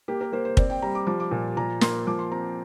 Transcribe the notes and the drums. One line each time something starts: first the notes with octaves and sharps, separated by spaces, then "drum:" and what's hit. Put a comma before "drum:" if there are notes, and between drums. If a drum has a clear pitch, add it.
A#3 G4
A#4
A#3 C5
C5
C4 D5, drum: kick
G5
G3 A#5
D6
F3 D6
D6
A#2
A#2 A#5
A#3 C6, drum: snare
F3 D6
C6
C4 A#5